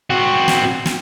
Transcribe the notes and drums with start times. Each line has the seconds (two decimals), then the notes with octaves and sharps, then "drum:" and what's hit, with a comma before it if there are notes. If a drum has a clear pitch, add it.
0.10 C4 F#4
0.48 drum: snare
0.86 drum: snare